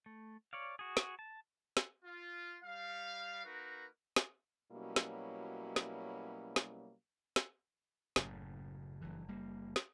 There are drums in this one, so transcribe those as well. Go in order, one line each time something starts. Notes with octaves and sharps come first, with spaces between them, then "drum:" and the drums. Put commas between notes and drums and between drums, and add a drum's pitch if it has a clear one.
A3
C#5 D5 F5
F#4 G#4
drum: snare
A5
drum: snare
F4
G3 F5
A#3 D#4 F#4 A#4 B4
drum: snare
B2 F#3 G3 A#3 C#4 E4
drum: snare
drum: snare
drum: snare
drum: snare
F#1 A2 C#3, drum: snare
F#1 G2 E3
F#1 G3 A#3
drum: snare